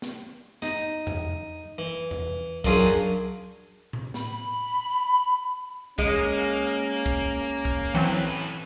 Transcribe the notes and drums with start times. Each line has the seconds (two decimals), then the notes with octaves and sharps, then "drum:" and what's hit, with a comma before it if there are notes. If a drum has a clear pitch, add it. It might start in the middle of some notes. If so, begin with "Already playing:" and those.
0.02 drum: snare
0.62 D#4, drum: snare
1.07 drum: tom E2
1.78 E3
2.11 drum: tom E2
2.64 F#2 F#3 D4 F4 G#4, drum: kick
2.87 drum: clap
3.93 drum: tom A2
4.14 B5, drum: snare
5.99 G#3 A#3 C#4, drum: kick
7.06 drum: kick
7.65 drum: kick
7.95 A2 E3 F#3 C4 B4, drum: cymbal